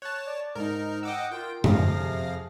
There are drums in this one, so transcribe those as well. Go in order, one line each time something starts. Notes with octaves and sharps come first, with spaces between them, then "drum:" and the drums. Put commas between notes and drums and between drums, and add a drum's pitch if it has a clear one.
C#5 A5 F#6
D5
G#2 D#4 A#4
D#5 F#5 G5 D6 E6
F4 A#4 G5
F2 C3 F3 G#4 F5 A#6, drum: tom F#2